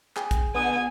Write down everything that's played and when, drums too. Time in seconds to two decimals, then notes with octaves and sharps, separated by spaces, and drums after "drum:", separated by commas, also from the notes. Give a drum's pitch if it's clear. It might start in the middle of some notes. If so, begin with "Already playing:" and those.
0.16 G#4 G5, drum: clap
0.31 drum: kick, hi-hat
0.55 A#2 D3 B3 G#5 D#6